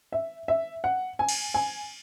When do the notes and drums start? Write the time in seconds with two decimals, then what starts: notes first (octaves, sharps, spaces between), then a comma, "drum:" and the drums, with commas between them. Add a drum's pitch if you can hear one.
0.12 E5
0.48 E5
0.84 F#5
1.19 G#5
1.29 drum: cymbal
1.54 G#5